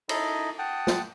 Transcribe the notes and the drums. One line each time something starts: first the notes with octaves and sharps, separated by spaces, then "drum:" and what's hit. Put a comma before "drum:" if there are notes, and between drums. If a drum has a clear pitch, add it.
D#4 E4 A4 D#5 B5, drum: cymbal
F#5 G5 A5 D#6
drum: snare